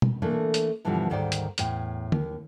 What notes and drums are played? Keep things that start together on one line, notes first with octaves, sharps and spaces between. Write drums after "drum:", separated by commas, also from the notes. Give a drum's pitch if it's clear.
drum: tom
E3 A3 A#3 D4
drum: hi-hat
G2 B2 D3 E3 F3 G3
D2 G#2 D#3 G3 C5 D5
drum: hi-hat
E2 A2 G5, drum: hi-hat
D#2, drum: tom